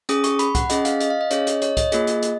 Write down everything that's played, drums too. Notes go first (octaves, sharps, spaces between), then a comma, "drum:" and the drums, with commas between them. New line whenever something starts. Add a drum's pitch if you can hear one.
C#4 G#4 D#6, drum: hi-hat
C#6, drum: hi-hat
B5, drum: hi-hat
F#5, drum: kick C2, hi-hat
C#4 G#4 D#5, drum: hi-hat
F5, drum: hi-hat
D#5, drum: hi-hat
F5
D#5
C#4 G#4 C#5, drum: hi-hat
D#5, drum: hi-hat
C#5, drum: hi-hat
D#5, drum: kick C2, hi-hat
A#3 F4 G#4, drum: hi-hat
drum: hi-hat
drum: hi-hat